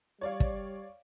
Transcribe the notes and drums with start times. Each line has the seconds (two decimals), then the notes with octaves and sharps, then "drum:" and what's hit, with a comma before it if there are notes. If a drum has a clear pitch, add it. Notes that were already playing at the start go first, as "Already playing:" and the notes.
0.21 G3 C#5 D5 F5
0.40 drum: kick